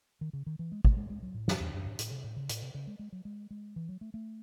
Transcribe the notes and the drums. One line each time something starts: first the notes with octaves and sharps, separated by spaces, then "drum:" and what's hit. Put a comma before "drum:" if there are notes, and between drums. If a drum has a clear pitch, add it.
D#3
C#3
D#3
E3
G#3
A3, drum: kick
G#3
G#3
F#3
A2
F#2, drum: snare
E2
F#2
G#2
A2, drum: hi-hat
C3
A2
C#3
A2, drum: hi-hat
C3
C#3
G#3
G#3
F#3
G#3
G#3
E3
F#3
A3
A3